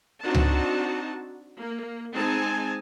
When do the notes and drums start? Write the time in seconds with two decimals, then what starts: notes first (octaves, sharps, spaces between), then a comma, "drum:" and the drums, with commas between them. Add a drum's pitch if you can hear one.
0.22 C4 D4 D#4 F#4 A5
0.35 drum: tom C#2
1.58 A#3
2.14 G#3 C4 D#4 G#5 A5